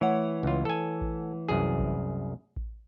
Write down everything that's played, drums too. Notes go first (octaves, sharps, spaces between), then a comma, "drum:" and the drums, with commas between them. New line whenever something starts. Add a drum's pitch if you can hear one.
E3 A3 C#5 F#5
C#2 F4
A4 G#5
drum: kick A1
C2 F#2 G#4
drum: kick A1
drum: kick A1